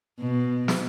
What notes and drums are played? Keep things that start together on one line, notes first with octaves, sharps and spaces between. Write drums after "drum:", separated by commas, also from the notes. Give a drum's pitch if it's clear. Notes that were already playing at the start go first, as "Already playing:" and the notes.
B2
drum: snare